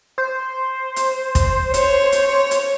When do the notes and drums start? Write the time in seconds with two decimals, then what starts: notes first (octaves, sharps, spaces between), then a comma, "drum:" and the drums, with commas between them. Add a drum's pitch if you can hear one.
0.18 C5
0.96 drum: hi-hat
1.35 drum: kick, hi-hat
1.74 C#5, drum: hi-hat
2.12 drum: hi-hat
2.51 drum: hi-hat